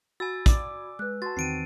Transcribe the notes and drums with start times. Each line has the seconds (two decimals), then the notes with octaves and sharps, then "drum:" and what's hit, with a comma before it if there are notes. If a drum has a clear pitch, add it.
0.20 F#4 G#5 B5 E6 G#6 A6
0.46 D5 D6, drum: kick, hi-hat
0.99 G#3 B4 F#6
1.22 F#4 A5 C6 A6
1.37 E2 D#3 C4 C7 D7 D#7